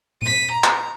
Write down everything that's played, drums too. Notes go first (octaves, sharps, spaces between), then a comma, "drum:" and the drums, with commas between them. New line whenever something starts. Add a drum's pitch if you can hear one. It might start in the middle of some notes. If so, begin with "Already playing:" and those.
B6 D#7, drum: tom A#2
A#5
drum: clap